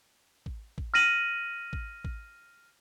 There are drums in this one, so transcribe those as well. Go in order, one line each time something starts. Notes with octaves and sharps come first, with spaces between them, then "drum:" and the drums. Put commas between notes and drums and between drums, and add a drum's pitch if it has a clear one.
drum: kick A1
drum: kick A1
F6 A#6 D#7 F#7
drum: kick A1
drum: kick A1